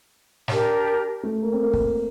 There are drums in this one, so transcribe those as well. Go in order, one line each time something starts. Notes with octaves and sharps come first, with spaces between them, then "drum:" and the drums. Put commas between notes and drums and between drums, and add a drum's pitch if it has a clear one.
D4 G4 A#4, drum: snare
A3
A#3
C4
A#3
drum: kick